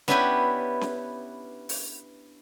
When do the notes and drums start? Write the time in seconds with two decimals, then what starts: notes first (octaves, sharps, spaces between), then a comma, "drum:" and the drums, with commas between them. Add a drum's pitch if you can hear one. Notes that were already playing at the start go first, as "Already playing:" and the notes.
0.08 B3 C#4 D4 E4 G4 B4, drum: snare C#4
0.81 drum: snare C#4
1.69 drum: open hi-hat